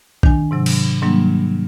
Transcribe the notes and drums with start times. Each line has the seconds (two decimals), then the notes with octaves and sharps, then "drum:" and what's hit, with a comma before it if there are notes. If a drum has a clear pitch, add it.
0.23 D#3 D4 G#5, drum: kick A#1
0.51 G#2 C3 F#3 E6
0.66 drum: cymbal
1.02 G#2 D#3 F#3 G3 A#3 D4